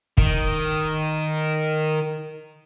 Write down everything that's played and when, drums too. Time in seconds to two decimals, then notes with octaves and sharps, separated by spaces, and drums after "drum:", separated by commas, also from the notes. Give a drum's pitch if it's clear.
0.18 D#3, drum: kick